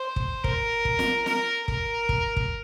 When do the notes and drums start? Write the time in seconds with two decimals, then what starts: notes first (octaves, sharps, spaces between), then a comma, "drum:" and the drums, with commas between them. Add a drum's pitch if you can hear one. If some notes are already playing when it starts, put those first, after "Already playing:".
Already playing: C5
0.16 drum: kick
0.44 A#4, drum: kick
0.85 drum: kick
0.99 drum: snare
1.26 A#4, drum: snare
1.68 A#4, drum: kick
2.09 drum: kick
2.36 drum: kick